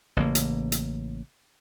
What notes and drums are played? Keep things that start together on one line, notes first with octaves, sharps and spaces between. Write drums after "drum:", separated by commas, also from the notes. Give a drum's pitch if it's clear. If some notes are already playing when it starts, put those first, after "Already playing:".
A1 C#3 A#3
drum: hi-hat
drum: hi-hat